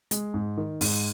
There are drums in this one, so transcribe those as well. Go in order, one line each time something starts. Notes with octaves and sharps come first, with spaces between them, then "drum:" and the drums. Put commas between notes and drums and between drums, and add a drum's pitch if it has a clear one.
G#3, drum: hi-hat
G#2
D#3
G#2, drum: open hi-hat